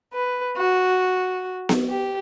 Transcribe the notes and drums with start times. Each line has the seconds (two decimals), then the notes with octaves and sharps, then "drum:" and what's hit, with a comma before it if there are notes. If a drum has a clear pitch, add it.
0.13 B4
0.57 F#4
1.69 drum: snare B3
1.88 G4